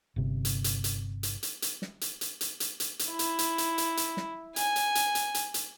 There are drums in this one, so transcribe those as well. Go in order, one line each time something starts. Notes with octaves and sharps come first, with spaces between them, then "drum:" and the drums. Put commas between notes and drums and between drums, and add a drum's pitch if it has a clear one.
G1 C3
drum: hi-hat
drum: hi-hat
drum: hi-hat
drum: hi-hat
drum: hi-hat
drum: hi-hat
drum: snare
drum: hi-hat
drum: hi-hat
drum: hi-hat
drum: hi-hat
drum: hi-hat
drum: hi-hat
E4
drum: hi-hat
drum: hi-hat
drum: hi-hat
drum: hi-hat
drum: hi-hat
drum: snare
G#5, drum: hi-hat
drum: hi-hat
drum: hi-hat
drum: hi-hat
drum: hi-hat
drum: hi-hat